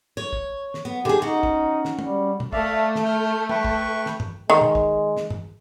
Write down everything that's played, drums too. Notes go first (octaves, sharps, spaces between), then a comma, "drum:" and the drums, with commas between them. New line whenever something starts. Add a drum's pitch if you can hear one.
C#5
drum: kick
drum: snare
B3
D3 G4 G#4
C#4 D#4 F#4
drum: kick
drum: snare
G3, drum: tom
drum: tom
A3 D5 E5 F5, drum: kick
drum: snare
F6 G6
B4 G5 C#6, drum: tom
drum: kick
drum: snare
drum: tom
D#3 G#3
drum: tom
drum: kick
drum: snare
drum: tom